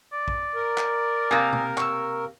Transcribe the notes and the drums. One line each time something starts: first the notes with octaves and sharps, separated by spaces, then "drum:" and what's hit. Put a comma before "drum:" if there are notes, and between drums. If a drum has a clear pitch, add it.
D5
drum: kick
A#4
drum: clap
C3 A#3 G#5 D#6 E6
drum: tom
C#6 E6, drum: clap